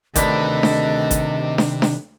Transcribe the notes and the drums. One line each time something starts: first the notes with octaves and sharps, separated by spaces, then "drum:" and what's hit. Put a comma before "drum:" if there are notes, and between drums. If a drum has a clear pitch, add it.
D2 C3 D#3 D4 A4 B4 C5 D#5, drum: kick G#1, hi-hat
drum: snare D4
drum: kick G#1, hi-hat
drum: snare D4
drum: snare D4